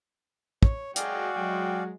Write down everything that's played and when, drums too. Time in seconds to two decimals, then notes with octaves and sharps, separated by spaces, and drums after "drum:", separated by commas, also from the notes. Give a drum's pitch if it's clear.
0.63 C#5, drum: kick
0.96 F#3 G#3 F#4 G#4 D5 F5 G5, drum: hi-hat
1.36 F#3 G#3 G5